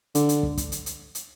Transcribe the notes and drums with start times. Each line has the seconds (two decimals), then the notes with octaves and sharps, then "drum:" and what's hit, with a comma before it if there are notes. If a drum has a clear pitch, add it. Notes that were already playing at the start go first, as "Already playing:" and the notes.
0.15 D3, drum: hi-hat
0.29 drum: hi-hat
0.43 drum: kick
0.57 drum: kick, hi-hat
0.72 drum: hi-hat
0.86 drum: hi-hat
1.15 drum: hi-hat